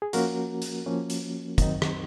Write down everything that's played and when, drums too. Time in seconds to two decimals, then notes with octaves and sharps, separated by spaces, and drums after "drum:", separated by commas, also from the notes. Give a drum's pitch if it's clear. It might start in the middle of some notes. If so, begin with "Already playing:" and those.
0.02 G#4
0.13 F3 A#3 C#4 F#4 A#4, drum: hi-hat
0.62 drum: hi-hat
0.86 F3 A#3 C#4
1.10 drum: hi-hat
1.58 D#3 F#3 C4 D#4, drum: kick, hi-hat
1.82 drum: rim click